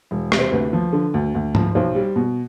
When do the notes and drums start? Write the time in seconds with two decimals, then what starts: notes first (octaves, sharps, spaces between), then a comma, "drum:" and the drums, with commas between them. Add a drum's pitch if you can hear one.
0.11 E1
0.32 C3, drum: rim click
0.39 C5
0.52 D2 B4
0.73 F3
0.93 D3
1.14 D2
1.35 D2
1.55 F3, drum: tom G#2
1.75 B1 C5
1.95 G3
2.16 B2